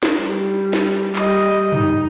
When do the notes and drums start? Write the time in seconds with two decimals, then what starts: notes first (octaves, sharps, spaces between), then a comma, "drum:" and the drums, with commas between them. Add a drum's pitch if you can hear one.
0.03 drum: snare
0.19 G3
0.73 drum: snare
1.16 G3 D#5, drum: clap
1.72 D#4, drum: tom